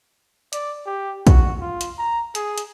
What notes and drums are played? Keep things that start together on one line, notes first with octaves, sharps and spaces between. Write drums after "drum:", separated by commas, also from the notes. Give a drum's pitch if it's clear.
D5, drum: hi-hat
G4
F#4, drum: kick, hi-hat
F4
drum: hi-hat
A#5
G#4, drum: hi-hat
drum: hi-hat